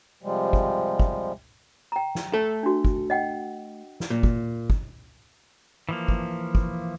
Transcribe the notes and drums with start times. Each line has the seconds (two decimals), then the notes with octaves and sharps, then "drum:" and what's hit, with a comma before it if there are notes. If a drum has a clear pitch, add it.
0.23 C3 F3 G3 G#3
0.53 drum: kick
0.99 drum: kick
1.92 G5 A#5
2.15 drum: snare
2.34 A3 A4
2.63 D4 F#4
2.85 drum: kick
3.10 D#5 F#5 G5
4.00 drum: snare
4.10 A#2
4.23 drum: kick
4.70 drum: kick
5.89 E3 F3 A#3
6.08 drum: kick
6.55 drum: kick